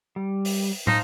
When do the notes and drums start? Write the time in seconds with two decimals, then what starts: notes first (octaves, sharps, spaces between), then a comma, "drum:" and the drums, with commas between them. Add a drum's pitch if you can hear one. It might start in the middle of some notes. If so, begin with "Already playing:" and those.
0.16 G3
0.45 drum: open hi-hat
0.87 D#4 C5 F5 A5, drum: tom